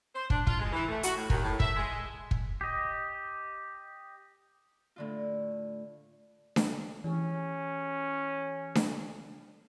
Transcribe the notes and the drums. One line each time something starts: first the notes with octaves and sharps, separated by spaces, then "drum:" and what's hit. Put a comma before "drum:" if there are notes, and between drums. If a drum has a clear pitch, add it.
C5
D4, drum: kick
F4, drum: kick
G#3
E3
A3
F#4, drum: hi-hat
A2
D#2, drum: kick
A2
E5, drum: kick
G#3
drum: kick
G4 D#5
A2 D3 F4
drum: snare D4
E3 C#4 G4 G#4
drum: snare D4